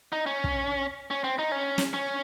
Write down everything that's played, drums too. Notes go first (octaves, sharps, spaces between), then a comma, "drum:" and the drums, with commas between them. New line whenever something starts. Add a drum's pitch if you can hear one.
D#4
C#4
drum: kick
C#4
C4
D#4
C#4
drum: snare
C#4